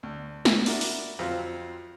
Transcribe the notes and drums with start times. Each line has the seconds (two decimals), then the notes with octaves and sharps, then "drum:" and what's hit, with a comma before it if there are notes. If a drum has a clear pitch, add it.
0.03 D2
0.45 drum: snare
0.66 D4 E4 F#4 A#4, drum: open hi-hat
0.81 drum: open hi-hat
1.19 F2 F#3 C4 F4